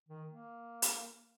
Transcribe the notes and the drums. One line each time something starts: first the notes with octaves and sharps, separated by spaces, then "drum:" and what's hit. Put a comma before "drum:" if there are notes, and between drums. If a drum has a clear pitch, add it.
D#3
A#3
drum: hi-hat